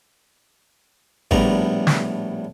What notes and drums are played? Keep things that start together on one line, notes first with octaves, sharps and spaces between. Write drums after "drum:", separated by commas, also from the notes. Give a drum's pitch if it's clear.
A#1 A2 G3 B3 A#5, drum: kick G#1
drum: snare